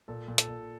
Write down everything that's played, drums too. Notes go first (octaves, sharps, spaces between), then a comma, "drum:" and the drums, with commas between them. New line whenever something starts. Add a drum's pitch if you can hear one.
A#2 A4
A#2
A4, drum: hi-hat
A#2